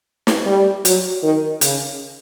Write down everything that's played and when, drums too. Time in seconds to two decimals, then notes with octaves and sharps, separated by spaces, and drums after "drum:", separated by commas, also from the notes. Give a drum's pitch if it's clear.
0.27 drum: snare
0.46 G3
0.85 F#3, drum: hi-hat
1.23 D#3
1.61 C#3, drum: hi-hat